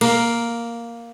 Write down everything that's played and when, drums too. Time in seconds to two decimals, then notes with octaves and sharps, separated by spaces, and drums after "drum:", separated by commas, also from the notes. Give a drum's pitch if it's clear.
0.01 A#3, drum: cymbal